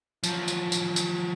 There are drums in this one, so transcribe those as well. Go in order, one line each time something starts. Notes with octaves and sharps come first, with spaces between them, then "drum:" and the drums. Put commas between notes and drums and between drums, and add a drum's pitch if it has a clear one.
F3 F#3, drum: tambourine
drum: tambourine
drum: tambourine
drum: tambourine